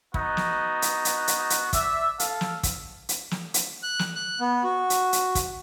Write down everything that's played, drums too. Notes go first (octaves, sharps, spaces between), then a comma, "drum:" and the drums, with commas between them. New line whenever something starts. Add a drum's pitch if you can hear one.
B3 D#4 F#4, drum: kick
drum: snare
drum: hi-hat
drum: hi-hat
drum: hi-hat
drum: hi-hat
D5 E5, drum: kick, hi-hat
A4 F5, drum: hi-hat
drum: snare
drum: kick, hi-hat
drum: hi-hat
drum: snare
drum: hi-hat
F#6
drum: snare
F#6
B3
F#4
drum: hi-hat
drum: hi-hat
drum: kick, hi-hat